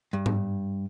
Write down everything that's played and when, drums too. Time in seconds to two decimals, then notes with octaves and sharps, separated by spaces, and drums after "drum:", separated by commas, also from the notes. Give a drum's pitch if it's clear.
0.13 G2
0.26 drum: tom G#2